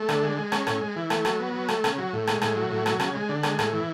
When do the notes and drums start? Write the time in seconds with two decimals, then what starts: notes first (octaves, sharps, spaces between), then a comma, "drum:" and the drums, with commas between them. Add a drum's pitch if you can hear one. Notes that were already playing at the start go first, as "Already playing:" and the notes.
Already playing: A3
0.09 D3, drum: rim click
0.23 G#3
0.37 G#3
0.52 C#4, drum: rim click
0.67 A2, drum: rim click
0.81 G#3
0.96 E3
1.10 A3, drum: rim click
1.25 F#3, drum: rim click
1.39 B3
1.54 F#3
1.68 A3, drum: rim click
1.84 C#3, drum: rim click
1.98 F#3
2.13 A2
2.27 G#3, drum: rim click
2.42 A2, drum: rim click
2.56 F#3
2.70 A2
2.86 F#3, drum: rim click
3.00 C#3, drum: rim click
3.15 G#3
3.29 D3
3.43 G#3, drum: rim click
3.59 A2, drum: rim click
3.72 E3